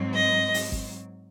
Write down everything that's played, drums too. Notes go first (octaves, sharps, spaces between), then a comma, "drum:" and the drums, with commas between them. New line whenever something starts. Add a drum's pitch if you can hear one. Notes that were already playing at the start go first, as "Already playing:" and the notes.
Already playing: G#2 F#3 C4
D#5
drum: open hi-hat
drum: kick G#1